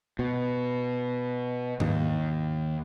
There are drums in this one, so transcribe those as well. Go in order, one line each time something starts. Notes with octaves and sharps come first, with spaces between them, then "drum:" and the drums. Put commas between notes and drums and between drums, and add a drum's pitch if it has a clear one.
B2
D#2, drum: tom G#2